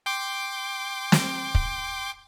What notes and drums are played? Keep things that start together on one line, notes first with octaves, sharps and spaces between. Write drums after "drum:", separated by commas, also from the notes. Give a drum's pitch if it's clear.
G5 C6 D6
drum: snare
drum: kick